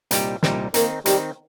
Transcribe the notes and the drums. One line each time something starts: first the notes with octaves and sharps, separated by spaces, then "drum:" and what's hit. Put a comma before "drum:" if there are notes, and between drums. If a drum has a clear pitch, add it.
C2 A#2 G3 D#4 G4, drum: hi-hat
C2 A#2 G3 D#4 G4, drum: snare
D#3 A#3 C4 D#4, drum: hi-hat
D#3 G3 C4 D#4, drum: hi-hat